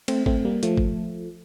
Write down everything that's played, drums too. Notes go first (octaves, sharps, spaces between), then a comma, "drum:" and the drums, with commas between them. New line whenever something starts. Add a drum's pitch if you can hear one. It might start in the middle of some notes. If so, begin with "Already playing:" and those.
A3 C4, drum: cymbal
A3 C4, drum: kick G1
G3 A#3
F3 A3, drum: hi-hat
drum: kick G1